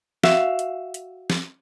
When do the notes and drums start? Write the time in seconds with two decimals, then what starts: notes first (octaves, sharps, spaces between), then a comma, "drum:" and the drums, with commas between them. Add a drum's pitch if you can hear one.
0.24 F#4 E5 F5, drum: snare
0.59 drum: hi-hat
0.94 drum: hi-hat
1.30 drum: snare